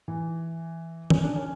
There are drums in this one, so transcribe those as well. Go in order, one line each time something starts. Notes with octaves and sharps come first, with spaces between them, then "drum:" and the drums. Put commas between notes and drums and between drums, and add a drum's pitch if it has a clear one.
E3
C#4, drum: tom D#3
D4
C#4